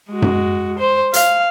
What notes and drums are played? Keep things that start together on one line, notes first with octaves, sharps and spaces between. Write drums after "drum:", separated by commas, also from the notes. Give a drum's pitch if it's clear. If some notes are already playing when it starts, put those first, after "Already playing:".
G#3 F#4
drum: tom F#2
C5
F5, drum: hi-hat